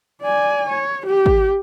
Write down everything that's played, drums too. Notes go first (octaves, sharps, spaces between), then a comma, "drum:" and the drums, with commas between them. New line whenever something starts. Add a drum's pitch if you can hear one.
D5 G#5
C#5
G4
drum: kick G#1